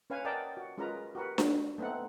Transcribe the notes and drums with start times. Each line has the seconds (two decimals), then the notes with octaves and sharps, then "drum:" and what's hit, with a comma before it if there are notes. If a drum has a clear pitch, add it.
0.10 C#4 B4 C#5 F5 G#5
0.25 A#4 D5 D#5 F#5 G5 A5
0.57 F#4
0.78 G#3 C#4 F4 A#4 B4 A#5
1.15 F#4 G4 A#4 B4
1.38 drum: snare D4
1.78 A3 B3 C4 D#4 F#5